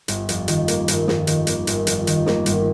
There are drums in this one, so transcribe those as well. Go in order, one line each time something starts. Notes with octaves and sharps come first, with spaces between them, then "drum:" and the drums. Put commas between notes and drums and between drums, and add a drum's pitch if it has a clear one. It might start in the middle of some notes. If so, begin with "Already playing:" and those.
G1, drum: hi-hat
F2, drum: hi-hat
D#3, drum: hi-hat
A#3, drum: hi-hat
G1, drum: hi-hat
F2, drum: snare
D#3, drum: hi-hat
A#3, drum: hi-hat
G1, drum: hi-hat
F2, drum: hi-hat
D#3, drum: hi-hat
A#3, drum: snare
G1, drum: hi-hat